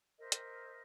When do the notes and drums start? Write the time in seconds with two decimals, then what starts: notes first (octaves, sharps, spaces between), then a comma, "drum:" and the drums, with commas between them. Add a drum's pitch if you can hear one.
0.18 A#4 C5 D#5 E5
0.32 drum: hi-hat